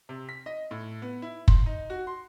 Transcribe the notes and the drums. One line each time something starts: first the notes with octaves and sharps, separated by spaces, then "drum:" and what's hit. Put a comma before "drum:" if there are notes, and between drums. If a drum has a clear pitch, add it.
C3
B6
D#5
A2
B3
E4
C6, drum: kick
D#4
F#4
C6